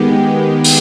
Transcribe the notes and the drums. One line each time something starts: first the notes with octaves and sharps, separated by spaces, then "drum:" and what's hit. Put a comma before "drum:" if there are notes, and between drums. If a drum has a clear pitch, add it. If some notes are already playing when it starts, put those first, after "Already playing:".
Already playing: D#3 G#3 B3 G4
drum: open hi-hat